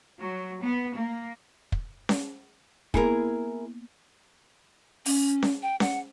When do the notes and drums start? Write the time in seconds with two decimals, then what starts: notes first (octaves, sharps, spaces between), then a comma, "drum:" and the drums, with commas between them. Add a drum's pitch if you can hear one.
0.20 F#3
0.63 B3
0.97 A#3
1.72 drum: kick
2.09 drum: snare C#4
2.94 A#3 B3 E4 G#4 A#4 G#5, drum: kick
5.06 C#4, drum: open hi-hat
5.42 drum: snare C#4
5.62 G5
5.80 F#5, drum: snare C#4